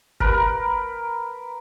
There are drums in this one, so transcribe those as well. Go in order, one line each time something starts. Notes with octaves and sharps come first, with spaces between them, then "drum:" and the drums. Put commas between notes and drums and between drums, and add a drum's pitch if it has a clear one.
A#4 B4, drum: kick F#1